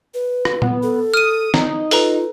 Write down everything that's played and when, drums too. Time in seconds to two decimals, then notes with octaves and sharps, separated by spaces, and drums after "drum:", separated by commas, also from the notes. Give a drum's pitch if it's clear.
0.14 B4
0.45 drum: rim click
0.62 B3, drum: tom A#2
0.83 A4
1.14 D#6 F6 D#7
1.54 D#4, drum: snare
1.91 F4 A4 B4 A#5, drum: open hi-hat